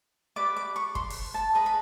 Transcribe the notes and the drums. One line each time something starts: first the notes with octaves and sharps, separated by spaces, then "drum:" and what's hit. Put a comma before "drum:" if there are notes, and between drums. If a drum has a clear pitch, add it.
G4 B4 D5 D6
D6
C#6
C6, drum: kick F1
drum: open hi-hat
A5
G#4 B4 D#5 A#5
B5